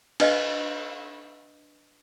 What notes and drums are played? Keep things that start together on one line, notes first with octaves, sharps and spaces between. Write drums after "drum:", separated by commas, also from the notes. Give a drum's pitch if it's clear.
D4 B4 D#5 F5, drum: cymbal